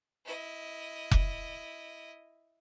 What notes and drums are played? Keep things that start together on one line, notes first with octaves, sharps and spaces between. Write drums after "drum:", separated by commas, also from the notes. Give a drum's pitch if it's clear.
E4 D#5
drum: kick F1